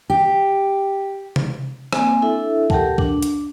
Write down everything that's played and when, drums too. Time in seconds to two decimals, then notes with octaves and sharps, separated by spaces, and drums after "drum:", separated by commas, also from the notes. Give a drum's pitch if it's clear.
0.10 G4
1.36 drum: tom C3
1.93 A#3 C4 G#5, drum: rim click
2.22 D4 E4 A4 E5
2.70 G4 A4 A#4 F#5 G5 A5, drum: kick C#2
2.98 D4, drum: kick C#2
3.22 drum: hi-hat